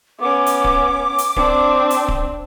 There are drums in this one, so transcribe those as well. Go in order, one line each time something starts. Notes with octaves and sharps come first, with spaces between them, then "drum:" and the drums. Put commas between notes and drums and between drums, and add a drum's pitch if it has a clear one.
B3 C#4 D6
drum: hi-hat
drum: kick D1
drum: hi-hat
C4 D4, drum: kick D1
drum: hi-hat
drum: kick D1